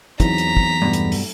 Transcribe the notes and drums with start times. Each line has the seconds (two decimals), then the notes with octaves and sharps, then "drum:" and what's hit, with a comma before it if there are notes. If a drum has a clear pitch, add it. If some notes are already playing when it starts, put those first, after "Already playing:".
0.20 E2 F#3 C4 D#4 A#5 B6, drum: kick, hi-hat
0.38 drum: hi-hat
0.57 drum: kick
0.82 G2 B2 A3
0.93 drum: hi-hat
1.12 drum: open hi-hat